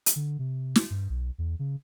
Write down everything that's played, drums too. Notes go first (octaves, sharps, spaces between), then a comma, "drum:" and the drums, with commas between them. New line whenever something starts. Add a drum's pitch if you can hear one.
drum: hi-hat
D3
C3
drum: snare
G2
B1
E2
C#3